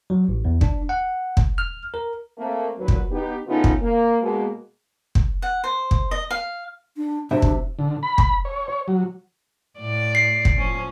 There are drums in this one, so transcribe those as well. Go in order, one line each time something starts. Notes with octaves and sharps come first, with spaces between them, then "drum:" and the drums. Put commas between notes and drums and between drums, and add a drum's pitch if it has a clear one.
F#3
A1
E2
D4, drum: kick
F#5
drum: kick
F6
A#4
A3 A#3 C4
D#2 A#2 F#3 F#4 B4
drum: kick
B3 D#4 G4
C#3 A3 B3 C#4 D#4 F4
drum: kick
A#3
B2 G#3 A#3
drum: kick
F#5
C5
drum: kick
D#5
F5
D4
B1 C3 D4 E5
drum: kick
D3
B5
drum: kick
C#5
C#5
F#3
A2 D5
C7
drum: kick
F3 C#4